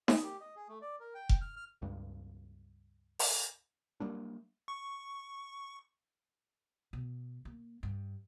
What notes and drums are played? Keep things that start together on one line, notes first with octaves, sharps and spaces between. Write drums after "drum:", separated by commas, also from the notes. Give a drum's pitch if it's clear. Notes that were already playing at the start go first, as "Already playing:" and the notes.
D#5, drum: snare D#4
G4
D#5
G#4
A3
D5
A#4
G5
drum: kick F1
F6
F6
C#2 G2
drum: open hi-hat
F#3 G3 A#3 D4
C#6
B2
A#3
G2